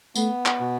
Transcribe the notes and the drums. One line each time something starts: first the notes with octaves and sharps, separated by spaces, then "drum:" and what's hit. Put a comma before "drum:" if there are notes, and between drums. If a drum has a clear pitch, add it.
A3 B3, drum: tambourine
drum: clap
B2